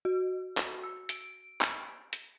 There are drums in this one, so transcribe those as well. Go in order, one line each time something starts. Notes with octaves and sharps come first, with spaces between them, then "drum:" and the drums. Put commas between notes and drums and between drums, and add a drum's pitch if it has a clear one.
F#4
drum: clap
E6
D7, drum: hi-hat
drum: clap
drum: hi-hat